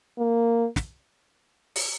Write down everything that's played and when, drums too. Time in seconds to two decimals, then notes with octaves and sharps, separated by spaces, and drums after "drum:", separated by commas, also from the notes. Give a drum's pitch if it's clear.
0.18 A#3
0.76 drum: snare
1.76 drum: open hi-hat